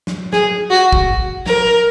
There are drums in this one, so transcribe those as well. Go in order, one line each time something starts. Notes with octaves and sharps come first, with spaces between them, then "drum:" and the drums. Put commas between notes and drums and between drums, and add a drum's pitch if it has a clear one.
drum: snare
G#4, drum: snare
F#4
drum: kick
A#4, drum: snare